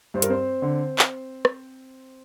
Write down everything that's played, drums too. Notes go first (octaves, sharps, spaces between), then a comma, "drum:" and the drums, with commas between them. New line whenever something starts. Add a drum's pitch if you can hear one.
G2 C5
A#4, drum: hi-hat
C4 C5
D3
drum: clap
drum: rim click